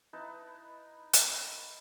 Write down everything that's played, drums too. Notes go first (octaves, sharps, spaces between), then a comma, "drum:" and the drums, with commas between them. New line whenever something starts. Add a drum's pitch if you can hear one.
D#4 E4 B4 A5
drum: hi-hat